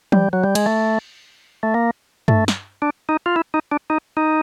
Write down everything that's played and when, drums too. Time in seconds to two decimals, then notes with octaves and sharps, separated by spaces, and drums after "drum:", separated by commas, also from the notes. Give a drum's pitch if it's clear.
0.12 G3, drum: tom E3
0.33 F#3
0.44 G3
0.55 G#3, drum: cymbal
0.66 A3
1.63 A3
1.74 A#3
2.28 A3, drum: tom G2
2.48 drum: snare
2.82 D4
3.09 D#4
3.26 F4
3.36 E4
3.54 D#4
3.72 D4
3.90 D#4
4.17 D#4